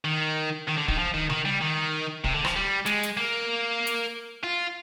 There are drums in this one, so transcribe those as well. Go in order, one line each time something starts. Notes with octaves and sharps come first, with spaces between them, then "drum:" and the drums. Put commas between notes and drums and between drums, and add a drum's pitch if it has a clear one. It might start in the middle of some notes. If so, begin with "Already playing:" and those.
D#3
D#3
D3
D#3, drum: kick
F3
D#3
D#3, drum: tom C#3
G3
D#3
C3, drum: kick
D3
F3, drum: rim click
G3
G#3, drum: snare
drum: hi-hat
A#3
drum: hi-hat
F4